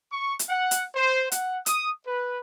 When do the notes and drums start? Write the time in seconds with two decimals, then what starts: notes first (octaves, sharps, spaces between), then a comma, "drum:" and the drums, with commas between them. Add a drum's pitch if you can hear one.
0.12 C#6
0.39 drum: hi-hat
0.49 F#5
0.71 drum: hi-hat
0.94 C5
1.32 F#5, drum: hi-hat
1.66 D#6, drum: hi-hat
2.06 B4